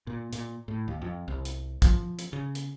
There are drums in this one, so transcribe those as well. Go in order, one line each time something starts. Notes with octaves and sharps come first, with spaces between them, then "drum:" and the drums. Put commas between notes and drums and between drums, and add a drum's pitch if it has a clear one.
A#2
A#2, drum: hi-hat
A2
D#2
F2
C2
drum: hi-hat
F3, drum: kick, hi-hat
drum: hi-hat
C#3
drum: hi-hat